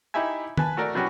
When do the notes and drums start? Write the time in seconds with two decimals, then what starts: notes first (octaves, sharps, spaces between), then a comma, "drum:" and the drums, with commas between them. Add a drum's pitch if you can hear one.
0.14 D#4 E4 G4 E5 G#5
0.57 B4 G#5 A5, drum: tom
0.77 A3 F#4 A4 A#4 D5
0.95 B2 F#3 B3 C#4 F#4 G4